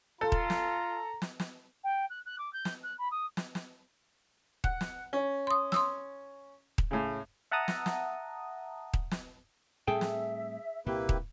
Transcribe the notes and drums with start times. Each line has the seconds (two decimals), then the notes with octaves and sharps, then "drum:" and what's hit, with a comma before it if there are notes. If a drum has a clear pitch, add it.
0.21 F4 A4 A#5
0.32 drum: kick D#1
0.50 drum: snare
1.22 drum: snare
1.40 drum: snare
1.84 G5
2.10 F#6
2.26 F#6
2.39 D6
2.53 G6
2.65 drum: snare
2.83 F#6
2.99 B5
3.11 D#6
3.37 drum: snare
3.55 drum: snare
4.64 F#5, drum: kick D#1
4.81 drum: snare
5.13 C#4
5.47 C6 D#6
5.72 C6 D#6 E6, drum: snare
6.78 drum: kick D#1
6.91 A2 C#3
7.51 E5 F#5 A5 A#5 D#6
7.68 drum: snare
7.86 drum: snare
8.93 drum: kick D#1
9.11 drum: snare
9.87 A2 G3 C4 G#4 A4 E5 G5
10.01 drum: snare
10.86 C2 A#2 A#3 C4 E4 G4 B4
11.09 drum: kick D#1